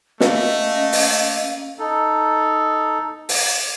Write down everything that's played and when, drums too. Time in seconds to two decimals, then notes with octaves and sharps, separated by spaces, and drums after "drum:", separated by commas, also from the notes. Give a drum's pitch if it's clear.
0.20 A3 A#3 C#4 D#5, drum: snare
0.93 drum: open hi-hat
1.79 D#4 A4
3.29 drum: open hi-hat